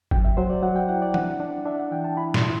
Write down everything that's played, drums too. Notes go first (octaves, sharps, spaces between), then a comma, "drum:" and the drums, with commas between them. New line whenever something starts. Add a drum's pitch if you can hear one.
F#3 G5, drum: kick G#1
E5
F#3 C5
D5
F#3 F#5
G5
E4 F#5
D5
D4 F#5, drum: tom
D4
D4 E5
F#5
E3 G5
A5
E4 B5
C6, drum: snare
E4